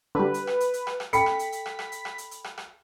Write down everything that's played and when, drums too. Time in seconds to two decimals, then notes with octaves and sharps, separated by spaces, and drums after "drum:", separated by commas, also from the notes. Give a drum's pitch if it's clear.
0.15 D3 G3 B4
0.34 drum: hi-hat
0.47 drum: rim click
0.60 drum: hi-hat
0.74 drum: hi-hat
0.87 drum: rim click
1.00 drum: rim click
1.13 A4 G5 B5 B6 C#7, drum: hi-hat
1.26 drum: rim click
1.39 drum: hi-hat
1.52 drum: hi-hat
1.66 drum: rim click
1.79 drum: rim click
1.92 drum: hi-hat
2.05 drum: rim click
2.18 drum: hi-hat
2.31 drum: hi-hat
2.44 drum: rim click
2.58 drum: rim click